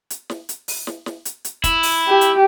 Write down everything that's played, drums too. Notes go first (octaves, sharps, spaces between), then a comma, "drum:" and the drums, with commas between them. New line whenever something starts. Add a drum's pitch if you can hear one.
drum: hi-hat
drum: snare
drum: hi-hat
drum: open hi-hat
drum: snare
drum: snare
drum: hi-hat
drum: hi-hat
E4, drum: kick, hi-hat
drum: open hi-hat
G4
drum: hi-hat